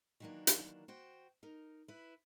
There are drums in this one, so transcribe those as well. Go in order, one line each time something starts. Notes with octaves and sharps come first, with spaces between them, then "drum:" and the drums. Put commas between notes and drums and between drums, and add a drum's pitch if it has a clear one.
D#3 E3 F#3 A3 A#3 D4
drum: hi-hat
F#4 C5 G5
D#4 A#4
E4 B4